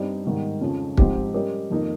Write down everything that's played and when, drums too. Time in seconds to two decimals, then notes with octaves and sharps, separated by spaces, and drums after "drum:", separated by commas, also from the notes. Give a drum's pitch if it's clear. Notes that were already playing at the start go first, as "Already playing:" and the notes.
Already playing: G2 G3 C4 D#4
0.24 G#2 D#3 G3
0.61 F2 C#3 F3
0.97 G#2 F3 C4 D#4 G4, drum: kick
1.34 G3 C#4 G4 A#4 D#5
1.70 F2 D#3 A#3 D#4 A#4